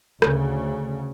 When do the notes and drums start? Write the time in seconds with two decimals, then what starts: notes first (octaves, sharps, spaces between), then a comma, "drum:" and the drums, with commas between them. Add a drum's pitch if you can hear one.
0.22 D2 C#3, drum: rim click